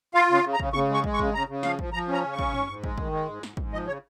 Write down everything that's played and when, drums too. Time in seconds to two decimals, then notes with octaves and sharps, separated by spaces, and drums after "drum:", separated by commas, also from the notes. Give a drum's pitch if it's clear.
0.14 F4 F5
0.30 C#3 F5
0.44 C#3
0.53 A#5
0.60 C#3, drum: kick
0.73 C#3 C#6, drum: tom
0.89 G#3
0.94 C#6
1.04 G#3, drum: kick
1.14 C#6
1.19 C#3, drum: kick
1.34 C#3 A#5
1.48 C#3
1.63 F3 F5, drum: snare
1.79 F3, drum: kick
1.93 F3 A#5
2.08 C#4
2.13 A#5
2.23 C#3
2.33 C#6
2.39 C#4, drum: kick
2.54 G#2, drum: tom
2.68 G#2
2.84 G#3, drum: kick
2.98 D#3, drum: kick
3.12 G#3
3.28 G#2
3.43 G#2, drum: snare
3.57 G#2, drum: kick
3.73 F3 D#5
3.87 C#3 C#5